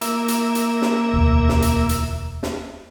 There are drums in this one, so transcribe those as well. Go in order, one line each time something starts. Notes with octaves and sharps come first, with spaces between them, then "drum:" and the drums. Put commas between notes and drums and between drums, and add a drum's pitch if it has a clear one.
A#3 E5, drum: hi-hat
drum: hi-hat
drum: hi-hat
drum: snare
E1 D2
drum: snare
drum: hi-hat
drum: hi-hat
drum: snare